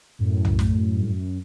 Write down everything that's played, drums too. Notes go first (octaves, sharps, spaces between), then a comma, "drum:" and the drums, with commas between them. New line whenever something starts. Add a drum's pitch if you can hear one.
F#2 A2
drum: tom
drum: snare
G2
F#2